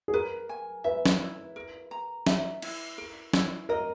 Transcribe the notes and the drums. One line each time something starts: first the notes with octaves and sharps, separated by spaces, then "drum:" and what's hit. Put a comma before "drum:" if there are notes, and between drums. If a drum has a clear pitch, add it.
G#4
A#4 B4
G#5
B4 E5
drum: snare
E4
A#4
A#5
E5, drum: snare
E4, drum: cymbal
A#4
E4, drum: snare
A#4 D#5